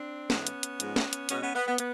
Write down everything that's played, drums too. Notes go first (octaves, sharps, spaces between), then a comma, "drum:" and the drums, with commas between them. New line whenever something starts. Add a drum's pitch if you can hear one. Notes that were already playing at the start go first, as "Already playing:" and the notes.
Already playing: C4 D4
G#2 E3 A3 B3 C#4, drum: snare
drum: hi-hat
drum: hi-hat
G#2 F3 G#3, drum: hi-hat
drum: snare
drum: hi-hat
B2 G#3 B3 C#4, drum: hi-hat
B3 C#4
B3
B3
B3, drum: hi-hat